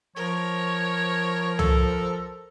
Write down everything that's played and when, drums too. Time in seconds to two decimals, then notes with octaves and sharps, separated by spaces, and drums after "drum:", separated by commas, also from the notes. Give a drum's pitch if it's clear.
0.16 F3 A#4 C#5
1.59 A4, drum: tom